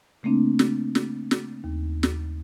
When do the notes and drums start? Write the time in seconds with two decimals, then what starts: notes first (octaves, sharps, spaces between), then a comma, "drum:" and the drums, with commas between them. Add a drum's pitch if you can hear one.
0.23 C#3 A3 A#3 C4 D4
0.59 drum: snare
0.95 drum: snare
1.31 drum: snare
1.64 D#2
2.03 drum: snare